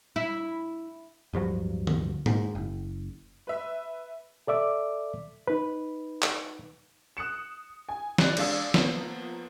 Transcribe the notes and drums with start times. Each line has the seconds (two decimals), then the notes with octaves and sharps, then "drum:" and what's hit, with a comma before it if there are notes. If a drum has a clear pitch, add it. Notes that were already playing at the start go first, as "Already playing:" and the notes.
0.16 E4
1.33 D1 G2 F3 F#3
1.87 drum: tom D3
2.26 G#2, drum: tom G#2
2.55 F#1
3.47 B4 E5
4.47 A4 D5 E5 D6
5.47 D#4 B4
6.22 drum: clap
7.17 D#6 F#6 C#7 E7
7.89 G#5
8.18 D5 D#5 F#6, drum: snare
8.37 G#3 D4 G#4 D5 F5 E6, drum: cymbal
8.74 F3 A#3 B3, drum: snare